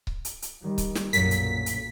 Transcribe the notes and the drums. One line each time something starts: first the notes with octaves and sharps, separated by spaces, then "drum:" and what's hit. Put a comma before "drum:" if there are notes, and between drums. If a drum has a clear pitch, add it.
drum: kick C#1
drum: hi-hat
drum: hi-hat
D#3 G3
drum: kick C#1, hi-hat
drum: snare
B1 F#2 A#2 A3 A#4 B6, drum: hi-hat
drum: hi-hat
drum: hi-hat